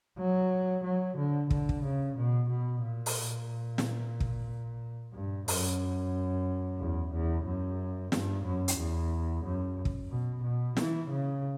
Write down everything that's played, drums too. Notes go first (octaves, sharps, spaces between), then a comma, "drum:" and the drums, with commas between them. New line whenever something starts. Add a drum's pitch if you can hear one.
F#3
F#3
D3
D3, drum: kick
drum: kick
C#3
B2
B2
A#2
drum: open hi-hat
drum: snare
drum: kick
G2
F#2, drum: open hi-hat
E2
E2
F#2
G2, drum: snare
F#2
drum: hi-hat
E2
F#2
drum: kick
B2
B2
E3, drum: snare
C#3